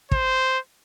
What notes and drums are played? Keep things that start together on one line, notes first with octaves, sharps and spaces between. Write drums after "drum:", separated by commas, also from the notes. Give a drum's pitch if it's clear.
C5, drum: kick